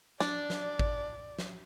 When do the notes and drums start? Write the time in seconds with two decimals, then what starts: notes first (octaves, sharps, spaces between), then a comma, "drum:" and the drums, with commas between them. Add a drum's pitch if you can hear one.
0.20 D4 D5, drum: snare
0.50 drum: snare
0.79 drum: kick G#1
1.39 drum: snare